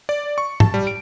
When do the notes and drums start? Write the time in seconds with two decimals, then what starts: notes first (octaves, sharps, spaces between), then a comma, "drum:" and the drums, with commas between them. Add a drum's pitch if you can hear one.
0.09 D5
0.38 C#6
0.60 A5, drum: tom
0.74 G3
0.87 D7